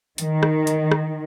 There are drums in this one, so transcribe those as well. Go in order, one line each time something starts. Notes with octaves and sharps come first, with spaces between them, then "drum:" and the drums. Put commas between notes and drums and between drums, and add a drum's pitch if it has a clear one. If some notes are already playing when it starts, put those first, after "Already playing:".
D#3, drum: hi-hat
drum: rim click
drum: hi-hat
drum: rim click